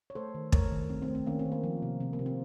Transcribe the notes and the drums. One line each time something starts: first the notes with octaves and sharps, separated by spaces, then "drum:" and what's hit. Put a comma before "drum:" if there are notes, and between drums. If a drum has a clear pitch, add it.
C#5
A3 A4 C5
D#3
A3 A#4 C#5, drum: kick
D#3
A3 C4
C4
A3
C4
D#3 A#3 C#4
C4
D#3
A#3
F3
C3
C3 C4
A#3
C3
C4